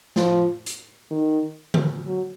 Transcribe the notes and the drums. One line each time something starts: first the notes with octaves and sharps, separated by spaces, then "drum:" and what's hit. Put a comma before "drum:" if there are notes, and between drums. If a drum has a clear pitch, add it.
F3, drum: snare
drum: hi-hat
D#3
drum: tom D3
F#3